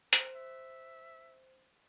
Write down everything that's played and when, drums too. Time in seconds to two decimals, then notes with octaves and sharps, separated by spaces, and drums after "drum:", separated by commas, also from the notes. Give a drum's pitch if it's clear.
0.13 A#4 C5, drum: hi-hat
0.35 E5